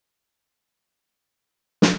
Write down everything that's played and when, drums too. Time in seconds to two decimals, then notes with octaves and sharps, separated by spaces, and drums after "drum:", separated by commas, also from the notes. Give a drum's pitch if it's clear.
1.24 D#4 C5
1.82 drum: snare